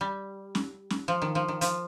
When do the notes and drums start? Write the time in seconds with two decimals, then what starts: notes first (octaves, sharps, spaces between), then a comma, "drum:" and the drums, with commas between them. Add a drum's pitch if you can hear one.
0.01 G3
0.55 drum: snare C#4
0.90 drum: snare C#4
1.08 F3
1.22 D#3
1.35 F3
1.48 D#3
1.61 F3, drum: hi-hat